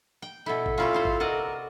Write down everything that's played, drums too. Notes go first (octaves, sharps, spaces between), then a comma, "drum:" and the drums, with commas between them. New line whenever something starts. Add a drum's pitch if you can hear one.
G5
B2 E4 A4
drum: kick G#1
C#4 E4 F4 G4 F5
C3 E4 C5
drum: kick G#1
F#4 A#4 D5 D#5